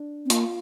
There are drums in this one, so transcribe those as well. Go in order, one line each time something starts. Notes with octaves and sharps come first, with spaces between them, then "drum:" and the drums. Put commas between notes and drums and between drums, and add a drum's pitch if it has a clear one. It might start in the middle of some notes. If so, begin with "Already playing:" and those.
Already playing: D4
C4
A#3 F4, drum: hi-hat